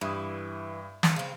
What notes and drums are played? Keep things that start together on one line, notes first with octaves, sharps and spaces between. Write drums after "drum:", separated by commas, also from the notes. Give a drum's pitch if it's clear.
G2 E3 B5 D#6
drum: snare
C#3 C4 F5